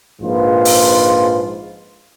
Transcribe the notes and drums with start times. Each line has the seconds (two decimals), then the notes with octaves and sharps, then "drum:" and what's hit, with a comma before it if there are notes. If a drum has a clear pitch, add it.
0.21 A#1 G#2 F3 F4 B4
0.65 drum: open hi-hat